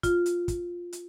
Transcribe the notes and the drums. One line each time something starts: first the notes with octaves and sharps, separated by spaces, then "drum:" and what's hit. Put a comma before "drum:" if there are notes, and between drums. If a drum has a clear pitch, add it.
F4, drum: kick, hi-hat
drum: hi-hat
drum: kick, hi-hat
drum: hi-hat